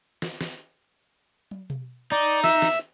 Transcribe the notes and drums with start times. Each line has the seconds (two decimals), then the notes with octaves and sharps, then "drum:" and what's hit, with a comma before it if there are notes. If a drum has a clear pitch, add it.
0.22 drum: snare
0.41 drum: snare
1.51 drum: tom
1.70 drum: tom B2
2.12 D#4 D5
2.44 E5 E6, drum: snare
2.62 drum: snare